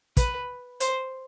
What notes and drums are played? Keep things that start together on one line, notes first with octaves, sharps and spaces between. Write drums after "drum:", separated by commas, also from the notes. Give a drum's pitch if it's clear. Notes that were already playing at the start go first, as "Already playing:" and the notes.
B4, drum: kick, hi-hat
C5, drum: hi-hat